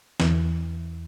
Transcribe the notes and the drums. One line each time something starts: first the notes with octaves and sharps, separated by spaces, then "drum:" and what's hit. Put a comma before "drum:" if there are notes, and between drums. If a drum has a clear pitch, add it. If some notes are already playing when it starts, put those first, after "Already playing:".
E2 E3, drum: snare